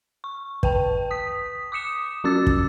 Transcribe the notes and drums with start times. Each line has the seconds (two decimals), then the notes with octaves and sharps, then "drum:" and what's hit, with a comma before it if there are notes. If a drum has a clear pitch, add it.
0.24 C#6
0.63 B4 G5 A5, drum: kick
1.11 D#6 B6
1.72 D6 D#6 C#7 E7
2.24 F#3 C#4 F#4 D6 E6 A6
2.47 drum: kick